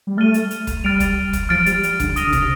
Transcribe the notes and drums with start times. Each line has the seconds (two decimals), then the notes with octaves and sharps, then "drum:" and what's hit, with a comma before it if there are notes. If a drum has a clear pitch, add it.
0.07 G3
0.17 A3 F6 A6 D#7 G7
0.34 drum: hi-hat
0.51 drum: hi-hat
0.67 drum: kick, hi-hat
0.84 G3 F6 A6 D7 F7
1.00 drum: kick, hi-hat
1.33 drum: kick, hi-hat
1.49 F3 F6 A6 D7
1.66 G3, drum: hi-hat
1.83 G3, drum: hi-hat
2.00 D3, drum: kick, hi-hat
2.16 D#6 A#6 D#7 G7, drum: hi-hat
2.27 D3
2.33 C3, drum: kick, hi-hat